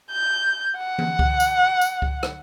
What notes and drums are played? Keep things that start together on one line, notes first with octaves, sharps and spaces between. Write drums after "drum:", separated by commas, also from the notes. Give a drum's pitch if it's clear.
G6
F#5
drum: tom E3
drum: kick C#2
drum: tambourine
drum: tambourine
drum: kick C#2
drum: rim click